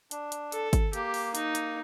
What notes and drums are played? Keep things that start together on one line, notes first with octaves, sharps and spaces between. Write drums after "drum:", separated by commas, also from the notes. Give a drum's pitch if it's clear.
D4, drum: hi-hat
drum: hi-hat
A4, drum: hi-hat
drum: kick G#1, hi-hat
A#3 G4, drum: hi-hat
drum: open hi-hat
D#4, drum: hi-hat
drum: hi-hat